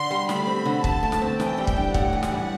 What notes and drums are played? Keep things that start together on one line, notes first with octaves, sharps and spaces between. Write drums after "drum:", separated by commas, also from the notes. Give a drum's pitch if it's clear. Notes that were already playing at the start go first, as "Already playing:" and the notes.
Already playing: D3 C6
G3
A3 B5, drum: snare
C4
D3
D3 A5, drum: kick
A3
drum: snare
C4
E3 G5, drum: snare
G3
drum: kick
D4
A2 F#5, drum: kick
E3
drum: snare
G3